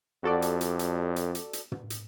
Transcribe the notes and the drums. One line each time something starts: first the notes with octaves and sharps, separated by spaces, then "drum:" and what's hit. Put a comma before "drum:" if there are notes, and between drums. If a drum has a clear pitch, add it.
F2 F#4 A4 D5
drum: hi-hat
drum: hi-hat
drum: hi-hat
drum: hi-hat
drum: hi-hat
drum: hi-hat
drum: tom
drum: hi-hat